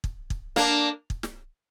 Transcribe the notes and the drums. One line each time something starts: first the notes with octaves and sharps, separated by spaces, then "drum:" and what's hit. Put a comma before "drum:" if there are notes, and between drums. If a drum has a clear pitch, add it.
drum: kick
drum: kick
A#3 D4, drum: snare
drum: kick
drum: snare